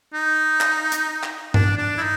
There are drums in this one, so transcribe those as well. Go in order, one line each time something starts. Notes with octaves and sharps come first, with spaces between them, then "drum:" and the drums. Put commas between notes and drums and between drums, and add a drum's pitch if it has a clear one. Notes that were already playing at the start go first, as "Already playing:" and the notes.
D#4
drum: clap
drum: hi-hat
drum: clap
D4, drum: tom G2
D4
E4
D#4